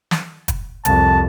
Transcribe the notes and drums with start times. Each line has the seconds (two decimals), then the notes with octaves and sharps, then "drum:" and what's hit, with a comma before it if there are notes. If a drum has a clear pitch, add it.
0.11 drum: snare
0.48 drum: kick, hi-hat
0.85 C2 F2 A5, drum: hi-hat